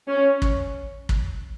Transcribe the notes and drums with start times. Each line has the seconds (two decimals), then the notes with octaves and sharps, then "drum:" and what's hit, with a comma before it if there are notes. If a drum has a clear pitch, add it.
0.08 C#4
0.42 drum: kick
1.09 drum: kick